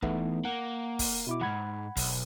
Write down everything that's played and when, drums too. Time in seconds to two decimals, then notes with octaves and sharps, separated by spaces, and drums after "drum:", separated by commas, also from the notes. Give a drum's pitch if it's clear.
0.03 E2 A3 B3 D#4, drum: kick
0.45 A#3 F#5
0.99 drum: kick, open hi-hat
1.27 B2 E4 D6
1.41 E2 G#2 F#5 B5 G#6
1.97 B1, drum: kick, open hi-hat